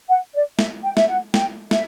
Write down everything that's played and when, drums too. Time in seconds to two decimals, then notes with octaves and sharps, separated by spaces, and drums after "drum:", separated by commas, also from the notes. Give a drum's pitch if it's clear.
0.09 F#5
0.34 D5
0.59 E5, drum: snare
0.84 G5
0.97 E5, drum: snare
1.09 F#5
1.34 G5, drum: snare
1.71 E5, drum: snare